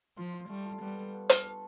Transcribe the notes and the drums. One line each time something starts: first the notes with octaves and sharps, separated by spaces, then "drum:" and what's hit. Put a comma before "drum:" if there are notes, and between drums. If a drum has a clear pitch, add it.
F3 F4
F4
G3 A3
F4
G3 B3
A4
B3
D4, drum: hi-hat
A4